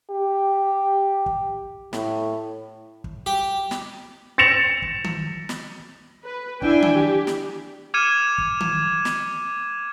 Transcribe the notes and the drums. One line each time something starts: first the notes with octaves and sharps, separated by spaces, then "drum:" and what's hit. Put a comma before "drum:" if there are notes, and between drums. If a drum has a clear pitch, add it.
G4
drum: kick
A2, drum: snare
drum: kick
G4
drum: snare
A6 A#6 C#7 E7 F7
drum: kick
drum: tom D#3
drum: snare
B4
D4 E4 G5 G#5, drum: kick
drum: tom D#3
G4
drum: snare
D6 F6 G#6 C#7 D#7 E7
drum: kick
drum: tom D#3
drum: snare